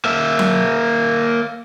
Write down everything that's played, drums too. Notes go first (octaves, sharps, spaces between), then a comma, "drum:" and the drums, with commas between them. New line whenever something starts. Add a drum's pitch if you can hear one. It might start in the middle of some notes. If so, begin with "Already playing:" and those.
A#3 E5
drum: tom F#3